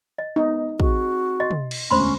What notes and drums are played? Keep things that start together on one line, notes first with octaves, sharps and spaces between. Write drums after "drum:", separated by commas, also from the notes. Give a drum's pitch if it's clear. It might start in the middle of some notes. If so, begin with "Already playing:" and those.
D#5
B3 D#4
C4 F#4 G#4, drum: kick
D#5 C6
drum: tom
drum: cymbal
E1 D2 C#4 C5 B5 C6